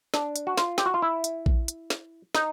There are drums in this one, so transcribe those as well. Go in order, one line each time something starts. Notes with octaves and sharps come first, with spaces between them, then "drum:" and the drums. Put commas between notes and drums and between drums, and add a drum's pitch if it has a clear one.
D4, drum: snare
drum: hi-hat
F#4
F4, drum: snare
G4, drum: snare
F#4
F4
E4
drum: hi-hat
drum: kick A#1
drum: hi-hat
drum: snare
D#4, drum: snare